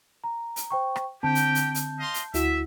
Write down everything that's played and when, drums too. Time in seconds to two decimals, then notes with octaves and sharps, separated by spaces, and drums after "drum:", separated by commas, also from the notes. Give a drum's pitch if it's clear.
0.24 A#5
0.56 drum: hi-hat
0.70 C5 G5 C#6
0.96 drum: rim click
1.23 D3 C4 G4 G5 A5 G6
1.35 drum: hi-hat
1.55 drum: hi-hat
1.75 drum: hi-hat
2.00 D#5 F5 C6
2.14 drum: hi-hat
2.34 D2 E4 F#4 E5, drum: hi-hat